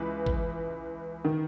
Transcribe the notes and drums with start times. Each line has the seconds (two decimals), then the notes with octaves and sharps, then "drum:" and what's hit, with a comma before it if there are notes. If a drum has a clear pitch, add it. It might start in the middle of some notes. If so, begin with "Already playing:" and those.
Already playing: C#2 E3 B4
0.26 drum: kick
1.25 D#3